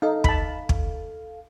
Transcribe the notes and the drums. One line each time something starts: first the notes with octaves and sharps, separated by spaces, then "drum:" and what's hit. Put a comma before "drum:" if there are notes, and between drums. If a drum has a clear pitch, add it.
D#4 A4 F5
A5 B5, drum: kick
drum: kick